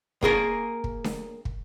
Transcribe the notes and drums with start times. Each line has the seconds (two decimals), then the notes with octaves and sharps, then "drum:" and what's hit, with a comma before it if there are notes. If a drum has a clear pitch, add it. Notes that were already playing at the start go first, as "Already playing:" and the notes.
0.23 A#3 G#4 A#4, drum: kick
0.84 drum: kick
1.04 drum: snare D4
1.45 drum: kick